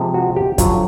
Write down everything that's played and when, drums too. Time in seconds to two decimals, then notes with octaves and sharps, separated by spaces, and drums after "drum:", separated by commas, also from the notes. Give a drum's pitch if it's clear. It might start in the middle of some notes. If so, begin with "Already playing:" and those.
Already playing: C3 F3 G#3
0.14 F#4
0.36 G4
0.58 F2 D3 F#3 F4, drum: kick, hi-hat